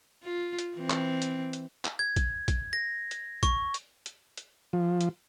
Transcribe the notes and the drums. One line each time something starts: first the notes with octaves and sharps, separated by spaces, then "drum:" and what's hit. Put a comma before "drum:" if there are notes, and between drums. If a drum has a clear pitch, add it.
F4
drum: hi-hat
E3 C4
drum: clap
drum: hi-hat
drum: hi-hat
drum: clap
G#6
drum: kick, hi-hat
drum: kick, hi-hat
A#6
drum: hi-hat
C#6, drum: kick, hi-hat
drum: hi-hat
drum: hi-hat
drum: hi-hat
F3
drum: hi-hat